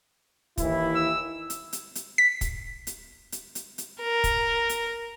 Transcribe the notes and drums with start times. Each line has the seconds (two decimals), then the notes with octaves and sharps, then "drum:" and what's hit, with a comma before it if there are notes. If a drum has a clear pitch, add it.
0.58 D#2 E3 E4, drum: kick, hi-hat
0.95 E6
1.50 drum: hi-hat
1.73 drum: hi-hat
1.95 drum: hi-hat
2.18 B6
2.41 drum: kick, hi-hat
2.87 drum: hi-hat
3.32 drum: hi-hat
3.55 drum: hi-hat
3.78 drum: hi-hat
4.02 A#4
4.24 drum: kick, hi-hat
4.69 drum: hi-hat